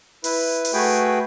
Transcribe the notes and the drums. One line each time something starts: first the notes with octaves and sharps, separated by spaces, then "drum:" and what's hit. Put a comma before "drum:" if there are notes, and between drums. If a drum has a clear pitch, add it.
E4 B4, drum: open hi-hat
drum: open hi-hat
A3 F#4 G#4 B4 G5